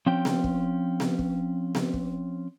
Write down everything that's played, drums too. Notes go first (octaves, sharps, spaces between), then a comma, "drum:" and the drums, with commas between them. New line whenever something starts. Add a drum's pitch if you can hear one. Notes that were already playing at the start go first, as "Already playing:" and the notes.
F3 C4 C#4 G5
drum: snare B3
drum: kick
drum: snare B3
drum: kick
drum: snare B3
drum: kick